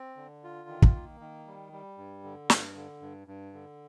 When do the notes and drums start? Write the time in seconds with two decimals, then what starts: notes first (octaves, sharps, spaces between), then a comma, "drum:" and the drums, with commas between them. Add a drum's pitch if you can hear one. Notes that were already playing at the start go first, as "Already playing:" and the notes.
Already playing: C4
0.17 D3
0.44 F4
0.69 D#3
0.82 drum: kick
0.95 A#3
1.21 D#3
1.47 G3
1.72 G3
1.98 G2
2.24 D3
2.50 G2, drum: snare
2.76 D3
3.01 G2
3.28 G2
3.53 D3